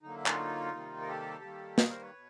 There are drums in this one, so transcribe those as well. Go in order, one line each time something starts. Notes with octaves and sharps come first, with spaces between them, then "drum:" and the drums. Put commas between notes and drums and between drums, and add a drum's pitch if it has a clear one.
D3 F#3 A#3 D#4
E4
D#4 F4, drum: clap
C3 D#3 G3 A#3
A#4
G4 A4
D#3 G3 A#3
G#4 A#4, drum: snare
A#4 C5
B4 C#5
B2